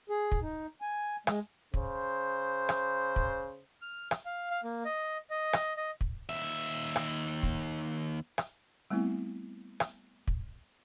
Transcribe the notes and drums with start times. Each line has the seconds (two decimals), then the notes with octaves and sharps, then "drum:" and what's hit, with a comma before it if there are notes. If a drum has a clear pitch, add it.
0.10 G#4
0.32 drum: kick
0.42 D#4
0.82 G#5
1.27 G#3, drum: rim click
1.74 C#3 C5, drum: kick
2.69 drum: rim click
3.16 drum: kick
3.82 F6
4.11 drum: rim click
4.25 F5
4.51 F5
4.64 A#3
4.85 D#5
5.30 D#5
5.53 drum: rim click
5.77 D#5
6.01 drum: kick
6.29 D#2 E5
6.96 drum: rim click
7.43 drum: kick
8.38 drum: rim click
8.90 G3 A3 B3 C4 E4
9.80 drum: rim click
10.28 drum: kick